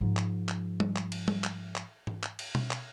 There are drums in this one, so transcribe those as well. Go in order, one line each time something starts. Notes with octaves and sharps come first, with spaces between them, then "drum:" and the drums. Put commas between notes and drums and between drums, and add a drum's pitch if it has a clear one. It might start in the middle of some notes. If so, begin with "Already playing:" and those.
G#2 F3
drum: clap
drum: clap
drum: tom G3
drum: clap
drum: cymbal
drum: tom G3
drum: clap
drum: clap
drum: tom G#2
drum: clap
drum: cymbal
drum: tom B2
drum: clap